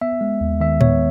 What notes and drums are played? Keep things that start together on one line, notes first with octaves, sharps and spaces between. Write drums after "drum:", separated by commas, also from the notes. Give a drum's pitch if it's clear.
B3 E5
G#3
D#2
D#3 E5
B3 C#5, drum: tom A2